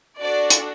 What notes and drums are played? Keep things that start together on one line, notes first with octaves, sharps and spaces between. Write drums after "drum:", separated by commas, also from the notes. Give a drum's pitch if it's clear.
D4 F#4 A4 D5
drum: hi-hat